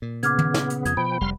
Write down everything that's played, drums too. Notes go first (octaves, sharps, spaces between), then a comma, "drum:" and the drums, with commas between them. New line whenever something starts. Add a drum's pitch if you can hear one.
A#2
C#3 B3 D6 F6 G#6, drum: hi-hat
drum: tom
drum: snare
drum: hi-hat
F2 D#6 G#6, drum: hi-hat
B2 F3 G5 B5
F1 G3 C6 F6